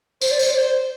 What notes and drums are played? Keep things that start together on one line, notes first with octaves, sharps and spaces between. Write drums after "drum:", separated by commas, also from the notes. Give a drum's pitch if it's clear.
C5, drum: tambourine
D5
C5, drum: tambourine
D5
C5